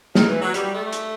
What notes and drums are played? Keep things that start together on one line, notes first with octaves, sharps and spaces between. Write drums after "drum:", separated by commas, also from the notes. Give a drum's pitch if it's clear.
D#3, drum: snare
E3
F#3
G3, drum: hi-hat
A3
drum: hi-hat